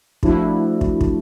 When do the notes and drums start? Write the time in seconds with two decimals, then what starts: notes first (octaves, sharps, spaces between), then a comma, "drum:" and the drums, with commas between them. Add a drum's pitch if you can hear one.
0.23 F3 A3 D4 E4 F#4, drum: kick
0.81 drum: kick
1.01 drum: kick